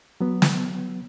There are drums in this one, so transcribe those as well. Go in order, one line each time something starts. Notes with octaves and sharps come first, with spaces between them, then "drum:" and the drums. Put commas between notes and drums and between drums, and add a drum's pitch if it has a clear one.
F#3 B3
drum: snare